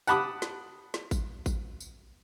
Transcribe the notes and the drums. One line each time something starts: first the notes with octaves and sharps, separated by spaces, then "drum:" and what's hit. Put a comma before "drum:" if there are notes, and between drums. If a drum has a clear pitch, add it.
F#5 A5 B5 D6 D#6, drum: tambourine
drum: snare
drum: snare
drum: kick A1, tambourine
drum: kick A1, tambourine
drum: tambourine